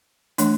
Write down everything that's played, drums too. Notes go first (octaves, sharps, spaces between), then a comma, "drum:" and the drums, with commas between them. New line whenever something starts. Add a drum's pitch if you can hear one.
E3 A3 D4, drum: hi-hat